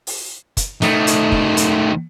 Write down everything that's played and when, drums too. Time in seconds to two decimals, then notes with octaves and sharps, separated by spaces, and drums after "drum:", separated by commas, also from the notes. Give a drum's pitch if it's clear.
0.07 drum: open hi-hat
0.57 drum: kick, hi-hat
0.82 D#3 A3, drum: snare
1.07 drum: hi-hat
1.32 drum: kick
1.57 drum: hi-hat